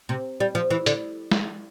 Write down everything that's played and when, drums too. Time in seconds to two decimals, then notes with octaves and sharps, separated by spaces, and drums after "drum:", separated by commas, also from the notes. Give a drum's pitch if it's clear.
0.09 C3
0.40 G3
0.55 F3
0.70 E3
0.86 D3, drum: hi-hat
1.31 drum: snare